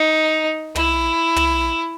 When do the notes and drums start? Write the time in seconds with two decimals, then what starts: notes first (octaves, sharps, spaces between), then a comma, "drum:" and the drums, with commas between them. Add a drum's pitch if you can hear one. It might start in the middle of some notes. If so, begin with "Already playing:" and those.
Already playing: D#4
0.75 E4, drum: tom
1.36 drum: tom